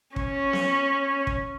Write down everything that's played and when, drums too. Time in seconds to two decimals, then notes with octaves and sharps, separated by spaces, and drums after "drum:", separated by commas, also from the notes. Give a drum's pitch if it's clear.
0.16 C#4, drum: kick
0.53 drum: snare B3
1.27 drum: kick